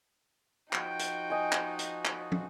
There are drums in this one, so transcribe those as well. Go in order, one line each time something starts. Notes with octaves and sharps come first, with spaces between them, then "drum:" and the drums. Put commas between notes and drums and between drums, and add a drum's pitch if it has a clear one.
F3 D#4 F#4 G5, drum: clap
drum: hi-hat
D#5 G#5
drum: clap
drum: hi-hat
drum: clap
drum: tom